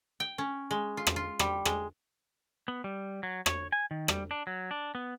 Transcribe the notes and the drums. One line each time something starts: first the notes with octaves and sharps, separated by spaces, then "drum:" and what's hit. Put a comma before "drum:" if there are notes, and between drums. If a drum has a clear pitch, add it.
G5
C#4
G#3
F4
drum: rim click
F4
G3, drum: rim click
G#3, drum: rim click
B3
G3
F#3
C#5, drum: rim click
G#5
D#3
G3, drum: rim click
D4
F#3
D4
B3